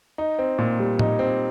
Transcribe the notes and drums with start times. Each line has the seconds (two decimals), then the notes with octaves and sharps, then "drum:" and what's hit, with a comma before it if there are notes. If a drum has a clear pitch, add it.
0.18 D#4
0.39 C4
0.58 A#2
0.79 G3
0.99 D#4, drum: tom A2
1.19 C4